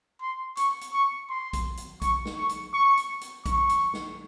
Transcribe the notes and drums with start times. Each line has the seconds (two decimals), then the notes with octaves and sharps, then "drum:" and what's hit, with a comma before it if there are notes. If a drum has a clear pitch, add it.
0.21 C6
0.57 C#6, drum: hi-hat
0.81 drum: hi-hat
0.93 C#6
1.30 C6
1.53 drum: kick A#1, hi-hat
1.77 drum: hi-hat
2.02 C#6, drum: kick A#1, hi-hat
2.25 drum: snare
2.37 C#6
2.49 drum: hi-hat
2.74 C#6
2.97 drum: hi-hat
3.21 drum: hi-hat
3.46 C#6, drum: kick A#1, hi-hat
3.69 drum: hi-hat
3.93 drum: snare